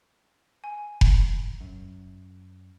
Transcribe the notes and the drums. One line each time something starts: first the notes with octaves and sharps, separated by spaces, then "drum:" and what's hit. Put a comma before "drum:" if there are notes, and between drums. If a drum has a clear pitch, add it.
G#5
drum: kick F1
F#2